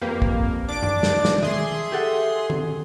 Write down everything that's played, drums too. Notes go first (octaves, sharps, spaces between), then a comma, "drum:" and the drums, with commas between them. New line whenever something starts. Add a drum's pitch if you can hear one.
F2 A#3 G4 B4
drum: kick
D4 D6 D7
drum: tom F#2
drum: snare
drum: snare
G#4 E5 C6, drum: tom D#3
G4 A4 F#5
drum: tom